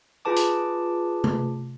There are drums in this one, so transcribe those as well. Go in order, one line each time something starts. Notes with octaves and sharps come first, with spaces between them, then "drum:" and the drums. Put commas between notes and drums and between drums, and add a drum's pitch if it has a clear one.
F4 G#4 B4 A5 D6
drum: hi-hat
drum: tom C3